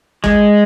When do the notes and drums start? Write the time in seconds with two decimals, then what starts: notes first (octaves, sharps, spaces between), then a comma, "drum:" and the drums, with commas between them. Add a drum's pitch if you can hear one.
0.24 G#3, drum: kick